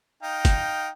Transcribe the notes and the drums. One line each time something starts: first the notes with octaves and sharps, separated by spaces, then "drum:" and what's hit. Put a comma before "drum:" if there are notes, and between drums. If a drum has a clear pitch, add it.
D#4 F5 G5
drum: kick, hi-hat